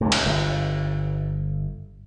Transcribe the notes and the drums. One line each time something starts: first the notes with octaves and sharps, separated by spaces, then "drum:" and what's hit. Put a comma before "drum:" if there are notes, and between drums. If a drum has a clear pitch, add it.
C#2 G2
drum: cymbal
G1